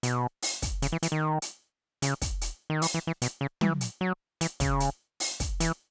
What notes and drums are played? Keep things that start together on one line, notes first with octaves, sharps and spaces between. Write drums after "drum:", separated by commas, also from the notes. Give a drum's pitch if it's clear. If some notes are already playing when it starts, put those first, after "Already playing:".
B2, drum: hi-hat
drum: open hi-hat
drum: kick, hi-hat
C#3, drum: hi-hat
E3
E3, drum: hi-hat
D#3
drum: hi-hat
C#3, drum: hi-hat
drum: kick, hi-hat
drum: hi-hat
D#3
E3, drum: open hi-hat
E3
E3
B2, drum: hi-hat
C#3
E3, drum: tom
drum: hi-hat
F#3
E3, drum: hi-hat
C#3, drum: kick, hi-hat
drum: hi-hat
drum: open hi-hat
drum: kick, hi-hat
E3, drum: hi-hat